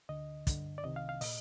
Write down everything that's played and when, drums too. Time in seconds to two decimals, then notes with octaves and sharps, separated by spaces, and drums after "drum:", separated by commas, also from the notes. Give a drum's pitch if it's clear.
0.09 D2 D3 D#5
0.47 G2 D3, drum: kick, hi-hat
0.78 D5
0.84 C2 C3 D#3 D#5
0.96 F5
1.09 F5
1.21 A#2 D#5, drum: open hi-hat